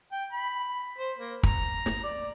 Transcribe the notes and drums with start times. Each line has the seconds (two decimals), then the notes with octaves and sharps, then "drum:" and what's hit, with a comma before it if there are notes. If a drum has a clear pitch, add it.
0.12 G5
0.33 B5
0.99 C5
1.19 A#3
1.43 A#5, drum: kick
1.86 drum: snare
2.04 D5